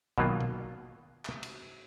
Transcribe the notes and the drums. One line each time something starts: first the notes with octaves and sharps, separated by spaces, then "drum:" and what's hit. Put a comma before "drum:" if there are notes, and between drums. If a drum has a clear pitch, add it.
B2 D#3 F#3 A#3 F4, drum: kick
drum: tom
drum: clap
drum: cymbal